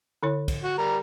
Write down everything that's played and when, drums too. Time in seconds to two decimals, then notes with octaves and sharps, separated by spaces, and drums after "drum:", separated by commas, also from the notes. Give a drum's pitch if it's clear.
0.23 D3 E4 C#5
0.48 drum: kick, cymbal
0.64 F#4
0.78 G3 A#4